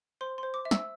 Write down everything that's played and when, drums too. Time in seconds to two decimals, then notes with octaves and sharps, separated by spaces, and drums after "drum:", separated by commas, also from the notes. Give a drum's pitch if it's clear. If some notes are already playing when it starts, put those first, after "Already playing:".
0.21 C5 C6
0.38 C5 C6
0.54 D6
0.65 E5
0.71 E6, drum: snare